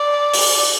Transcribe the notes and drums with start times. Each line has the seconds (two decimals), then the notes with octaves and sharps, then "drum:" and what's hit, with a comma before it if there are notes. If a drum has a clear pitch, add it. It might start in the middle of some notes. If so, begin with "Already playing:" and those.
Already playing: D5
0.34 drum: open hi-hat